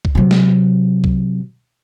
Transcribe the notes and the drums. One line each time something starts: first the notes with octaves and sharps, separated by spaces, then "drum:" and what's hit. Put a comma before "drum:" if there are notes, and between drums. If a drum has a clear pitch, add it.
drum: kick C2
C3 F#3
drum: snare
drum: kick C2